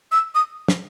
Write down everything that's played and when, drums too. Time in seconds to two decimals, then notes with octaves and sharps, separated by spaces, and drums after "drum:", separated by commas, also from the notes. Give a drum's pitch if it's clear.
0.12 E6
0.35 D#6
0.68 drum: snare